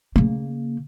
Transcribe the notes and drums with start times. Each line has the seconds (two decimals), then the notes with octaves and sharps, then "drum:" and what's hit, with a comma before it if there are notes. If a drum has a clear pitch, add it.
0.16 C#3 A#3, drum: tom A3